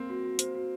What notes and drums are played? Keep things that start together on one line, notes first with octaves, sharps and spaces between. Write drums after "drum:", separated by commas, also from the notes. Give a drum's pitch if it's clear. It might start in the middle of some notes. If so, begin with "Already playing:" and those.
Already playing: A#3 C4
F#4
F#4
C5, drum: hi-hat
F#4